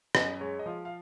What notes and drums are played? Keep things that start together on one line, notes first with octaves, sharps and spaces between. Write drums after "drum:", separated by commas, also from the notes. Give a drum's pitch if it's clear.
F#2 D#5, drum: rim click
G#3 C#5
D#5
F3 F5
F5